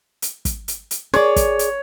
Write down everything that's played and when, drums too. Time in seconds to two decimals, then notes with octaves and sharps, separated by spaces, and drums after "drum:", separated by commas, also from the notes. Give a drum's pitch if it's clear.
0.22 drum: hi-hat
0.45 drum: kick, hi-hat
0.68 drum: hi-hat
0.91 drum: hi-hat
1.14 G#4 C#5 D5, drum: snare
1.36 drum: kick, hi-hat
1.59 drum: hi-hat